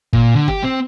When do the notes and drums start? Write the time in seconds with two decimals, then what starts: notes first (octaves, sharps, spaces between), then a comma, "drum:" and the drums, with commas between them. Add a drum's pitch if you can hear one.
0.13 A#2, drum: kick G1
0.35 D3
0.48 G4, drum: kick G1
0.64 C4